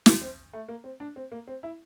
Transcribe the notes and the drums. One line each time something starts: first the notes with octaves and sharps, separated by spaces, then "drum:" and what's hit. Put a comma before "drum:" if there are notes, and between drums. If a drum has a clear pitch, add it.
A#3, drum: snare
C4
A3
A#3
C4
D4
C4
A#3
C4
E4